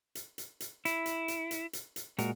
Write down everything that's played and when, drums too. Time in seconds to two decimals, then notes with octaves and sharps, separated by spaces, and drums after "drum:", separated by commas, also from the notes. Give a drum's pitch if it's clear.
0.15 drum: hi-hat
0.38 drum: hi-hat
0.60 drum: hi-hat
0.85 E4, drum: hi-hat
1.06 drum: hi-hat
1.28 drum: hi-hat
1.51 drum: hi-hat
1.73 drum: hi-hat
1.96 drum: hi-hat
2.18 A#2 G#3 F#4 A#4, drum: hi-hat